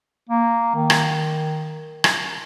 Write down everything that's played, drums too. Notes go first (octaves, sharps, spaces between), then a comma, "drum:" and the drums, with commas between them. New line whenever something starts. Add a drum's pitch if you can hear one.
A#3
D#3
drum: rim click
drum: rim click